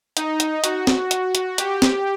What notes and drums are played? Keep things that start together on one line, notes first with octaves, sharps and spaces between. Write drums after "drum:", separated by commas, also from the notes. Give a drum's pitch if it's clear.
D#4, drum: hi-hat
drum: hi-hat
F#4, drum: hi-hat
drum: snare
drum: hi-hat
drum: hi-hat
G4, drum: hi-hat
drum: snare